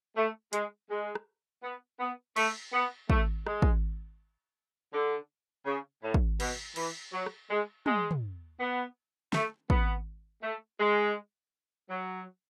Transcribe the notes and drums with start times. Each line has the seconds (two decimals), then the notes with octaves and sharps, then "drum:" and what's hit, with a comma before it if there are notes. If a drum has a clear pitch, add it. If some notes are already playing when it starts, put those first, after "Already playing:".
0.17 A3
0.53 G#3, drum: hi-hat
0.90 G#3
1.15 drum: rim click
1.63 B3
1.99 B3
2.36 A3, drum: cymbal
2.73 B3
3.10 A3, drum: kick
3.47 G#3, drum: rim click
3.62 drum: kick
4.93 D3
5.66 C#3
6.03 A2
6.14 drum: kick
6.40 B2, drum: cymbal
6.76 E3, drum: cymbal
7.12 F#3
7.26 drum: rim click
7.50 G#3
7.86 G#3, drum: tom
8.11 drum: tom
8.60 B3
9.33 A3, drum: snare
9.70 B3, drum: kick
10.42 A3
10.80 G#3
11.90 F#3